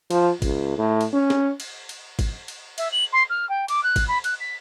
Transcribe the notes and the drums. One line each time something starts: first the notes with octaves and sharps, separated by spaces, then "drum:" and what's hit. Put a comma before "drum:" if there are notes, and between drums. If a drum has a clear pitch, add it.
F3, drum: cymbal
C#2, drum: kick, cymbal
A2
drum: cymbal
C#4
drum: snare
drum: cymbal
drum: cymbal
drum: kick, cymbal
drum: cymbal
E5, drum: cymbal
F#7
C6
F6
G5
D6, drum: cymbal
F#6
drum: kick, cymbal
B5
F#6, drum: cymbal
B6